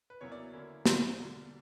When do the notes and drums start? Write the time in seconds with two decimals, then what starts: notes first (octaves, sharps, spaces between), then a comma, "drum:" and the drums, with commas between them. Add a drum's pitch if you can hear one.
0.10 B4
0.21 E2 C#3 F#3 A#3 E4 C#5
0.32 D5
0.53 D3 A#3 C#4 E4
0.86 B2 F#3 A#3 D5, drum: snare
1.18 E2 D3 G3